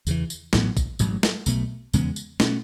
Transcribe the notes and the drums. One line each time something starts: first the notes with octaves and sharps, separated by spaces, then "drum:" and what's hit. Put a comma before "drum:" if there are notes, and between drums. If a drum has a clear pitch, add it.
E2 C#3 E3, drum: tambourine
drum: tambourine
A1 A2 F#3 B3, drum: snare
drum: kick, tambourine
A1 G#2 F#3, drum: tambourine
drum: snare
B1 B2 A3, drum: tambourine
E2 C#3 G#3 B3, drum: tambourine
drum: tambourine
B2 A3 C#4, drum: snare